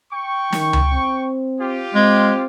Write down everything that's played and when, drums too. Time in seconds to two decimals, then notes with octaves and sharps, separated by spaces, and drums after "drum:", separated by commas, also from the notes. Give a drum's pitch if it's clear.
0.12 G5 C#6
0.53 D#3, drum: snare
0.73 drum: tom C#2
0.93 C4
1.60 F4 G4
1.95 G#3 C4